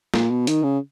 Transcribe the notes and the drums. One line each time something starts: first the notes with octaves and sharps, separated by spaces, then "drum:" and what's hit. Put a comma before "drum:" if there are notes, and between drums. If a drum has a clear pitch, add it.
A#2, drum: snare
B2
D#3, drum: hi-hat
C#3